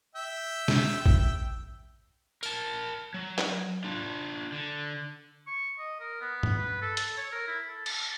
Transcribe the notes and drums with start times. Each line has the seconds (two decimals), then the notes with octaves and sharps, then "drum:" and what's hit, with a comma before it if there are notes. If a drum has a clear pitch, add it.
0.15 E5 G5 E6
0.68 drum: snare
1.06 drum: kick
2.43 A#4 A5, drum: tambourine
3.14 F#3
3.38 drum: clap
3.84 D4 F4
4.52 D3
5.47 C#6
5.79 D#5
6.00 A#4
6.21 B3
6.43 drum: tom G2
6.58 B4
6.82 A4
6.97 A4, drum: hi-hat
7.17 C#5
7.32 A#4
7.47 E4
7.68 A4
7.86 A5, drum: cymbal